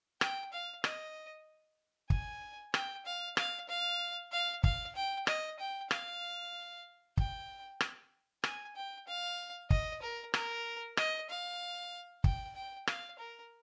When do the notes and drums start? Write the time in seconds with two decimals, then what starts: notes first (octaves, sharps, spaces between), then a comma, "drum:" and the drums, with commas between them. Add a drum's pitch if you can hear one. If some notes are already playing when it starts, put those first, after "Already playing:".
0.21 G5, drum: rim click
0.52 F5
0.84 D#5, drum: rim click
2.10 G#5, drum: kick
2.74 G5, drum: rim click
3.06 F5
3.37 F5, drum: rim click
3.69 F5
4.32 F5
4.64 F5, drum: kick
4.96 G5
5.27 D#5, drum: rim click
5.59 G5
5.91 F5, drum: rim click
7.17 G5, drum: kick
7.81 drum: rim click
8.44 G#5, drum: rim click
8.76 G5
9.07 F5
9.70 D#5, drum: kick
10.02 A#4
10.34 A#4, drum: rim click
10.97 D#5, drum: rim click
11.29 F5
12.24 G5, drum: kick
12.55 G5
12.87 F5, drum: rim click
13.19 A#4